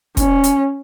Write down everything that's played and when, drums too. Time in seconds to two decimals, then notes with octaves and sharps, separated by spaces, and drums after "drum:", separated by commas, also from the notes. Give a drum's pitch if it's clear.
0.17 C#4, drum: kick, hi-hat
0.44 drum: hi-hat